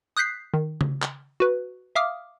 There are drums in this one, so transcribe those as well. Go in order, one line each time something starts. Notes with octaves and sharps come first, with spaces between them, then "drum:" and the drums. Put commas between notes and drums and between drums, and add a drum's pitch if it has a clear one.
D#6 F#6 G6 B6 C7
D#3
drum: tom C#3
drum: clap
F#4 B4
E5 F5 D6 D#6 F6